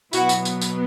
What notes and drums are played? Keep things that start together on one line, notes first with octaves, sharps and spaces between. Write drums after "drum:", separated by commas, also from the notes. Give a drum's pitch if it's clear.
B2 F#3 B3 E4 F#4, drum: tambourine
drum: tambourine
drum: tambourine
drum: tambourine